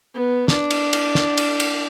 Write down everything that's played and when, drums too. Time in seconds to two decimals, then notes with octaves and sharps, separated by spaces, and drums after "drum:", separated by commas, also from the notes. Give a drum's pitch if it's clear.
0.15 B3
0.48 D4, drum: snare
0.71 drum: cymbal
0.93 drum: cymbal
1.15 drum: snare
1.37 drum: cymbal
1.60 drum: cymbal